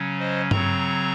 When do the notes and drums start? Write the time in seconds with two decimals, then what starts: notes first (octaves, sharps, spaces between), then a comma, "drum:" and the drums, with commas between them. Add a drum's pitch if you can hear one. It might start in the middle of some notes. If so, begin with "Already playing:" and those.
Already playing: C#3 F#3 C#4
0.19 C5 D#5
0.51 C#3 F#3 C4 A#5 C#6, drum: tom G2